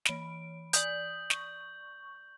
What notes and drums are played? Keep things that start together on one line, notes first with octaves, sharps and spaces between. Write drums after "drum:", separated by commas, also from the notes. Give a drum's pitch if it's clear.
E3 B5 D7, drum: snare
D5 D#6 G6 F#7, drum: hi-hat
C#6, drum: snare